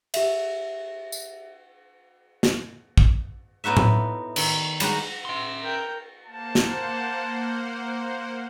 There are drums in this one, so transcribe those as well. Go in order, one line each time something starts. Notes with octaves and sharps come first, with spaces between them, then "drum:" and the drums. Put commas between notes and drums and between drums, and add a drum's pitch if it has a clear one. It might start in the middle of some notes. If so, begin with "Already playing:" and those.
G4 E5, drum: cymbal
drum: tambourine
drum: snare
drum: kick
A2 B3 D#4 F#4 E5
drum: tom A2
D#3, drum: cymbal
G3 G#3 D#4 F#4, drum: cymbal
E5 C6
A#4 G5
A#3 C5 F#5 A5
drum: snare